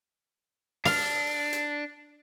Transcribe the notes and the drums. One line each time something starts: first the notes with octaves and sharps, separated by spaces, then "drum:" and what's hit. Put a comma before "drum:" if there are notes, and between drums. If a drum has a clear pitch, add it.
D4 F5, drum: open hi-hat
drum: hi-hat